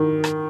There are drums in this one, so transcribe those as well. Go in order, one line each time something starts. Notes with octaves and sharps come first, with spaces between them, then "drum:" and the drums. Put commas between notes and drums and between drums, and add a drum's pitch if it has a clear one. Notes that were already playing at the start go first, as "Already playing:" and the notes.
Already playing: D#3
drum: rim click